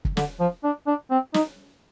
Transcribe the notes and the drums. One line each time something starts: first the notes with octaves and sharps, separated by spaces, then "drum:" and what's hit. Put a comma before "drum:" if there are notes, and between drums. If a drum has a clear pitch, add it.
drum: kick
D3, drum: snare
F3
D4
D4
C4
D#4, drum: snare